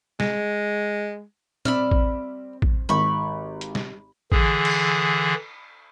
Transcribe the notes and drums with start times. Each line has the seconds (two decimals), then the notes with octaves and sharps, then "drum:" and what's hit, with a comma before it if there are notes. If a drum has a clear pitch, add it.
0.20 G#3, drum: snare
1.65 G3 C4 D5 E5 B5 E6 F6, drum: tom A#2
1.91 drum: kick A1
2.62 drum: kick A1
2.89 G#1 G4 B5 C#6
3.61 drum: hi-hat
3.75 drum: snare
4.32 D3 E3 G#4, drum: kick A1
4.65 drum: cymbal